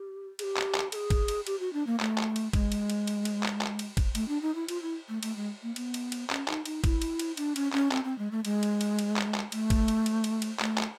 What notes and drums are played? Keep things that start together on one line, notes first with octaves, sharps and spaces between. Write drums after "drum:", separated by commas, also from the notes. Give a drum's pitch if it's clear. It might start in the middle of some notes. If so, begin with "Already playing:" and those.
Already playing: G4
G#4, drum: cymbal
G4
drum: clap
drum: clap
A4, drum: cymbal
G#4
drum: kick, cymbal
drum: cymbal
G4, drum: cymbal
F#4
D4
A#3
A3, drum: clap
drum: clap
drum: cymbal
G#3, drum: kick, cymbal
drum: cymbal
drum: cymbal
drum: cymbal
drum: cymbal
drum: clap
drum: clap
drum: cymbal
drum: kick, cymbal
A3, drum: cymbal
D4
D#4
E4
F4, drum: cymbal
E4
A3
A3, drum: cymbal
G#3
A#3
B3, drum: cymbal
drum: cymbal
drum: cymbal
C#4, drum: clap
D#4, drum: clap
D#4, drum: cymbal
E4, drum: kick, cymbal
drum: cymbal
drum: cymbal
D4, drum: cymbal
C#4, drum: cymbal
C#4, drum: clap
C4, drum: clap
C4
G#3
A3
G#3, drum: cymbal
drum: cymbal
drum: cymbal
drum: cymbal
drum: clap
drum: clap
A3, drum: cymbal
drum: kick, cymbal
drum: cymbal
drum: cymbal
drum: cymbal
drum: cymbal
A3, drum: clap
drum: clap